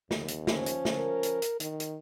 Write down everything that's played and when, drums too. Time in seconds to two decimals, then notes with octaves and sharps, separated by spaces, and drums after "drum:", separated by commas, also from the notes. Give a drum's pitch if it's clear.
0.11 D#2, drum: snare
0.28 drum: hi-hat
0.47 F3 C#4, drum: snare
0.66 drum: hi-hat
0.85 drum: snare
0.97 A#4
1.23 drum: hi-hat
1.42 drum: hi-hat
1.60 D#3, drum: hi-hat
1.80 drum: hi-hat